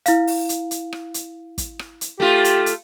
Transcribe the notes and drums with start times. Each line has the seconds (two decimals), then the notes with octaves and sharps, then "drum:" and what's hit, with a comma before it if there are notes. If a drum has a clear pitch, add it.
0.06 E4 F5, drum: hi-hat
0.27 drum: open hi-hat
0.49 drum: hi-hat
0.71 drum: hi-hat
0.93 drum: rim click
1.14 drum: hi-hat
1.58 drum: kick, hi-hat
1.79 drum: rim click
2.01 drum: hi-hat
2.20 A3 F4 G4
2.44 drum: hi-hat
2.66 drum: hi-hat